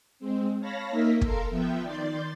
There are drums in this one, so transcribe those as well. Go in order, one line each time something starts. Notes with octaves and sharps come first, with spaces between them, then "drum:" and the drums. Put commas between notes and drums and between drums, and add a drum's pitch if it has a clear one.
G#3 C4
C#5 F5 A5 B5 A#6
A#3 D#4 A#4 E5 B6
A4 A#4 F5 A#5 C6, drum: kick
F3 B3 E5 G5
D#3 D5 C6 G6 A6